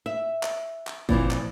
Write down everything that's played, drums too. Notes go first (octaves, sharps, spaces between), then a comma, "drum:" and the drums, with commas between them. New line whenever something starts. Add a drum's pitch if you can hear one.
E5
drum: clap
drum: clap
A#2 E3 F3 C4, drum: kick
drum: clap